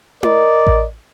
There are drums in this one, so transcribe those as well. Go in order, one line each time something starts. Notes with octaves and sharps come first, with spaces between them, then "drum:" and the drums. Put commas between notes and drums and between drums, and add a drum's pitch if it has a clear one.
A#4 D5 D#5, drum: tom E4
drum: kick A1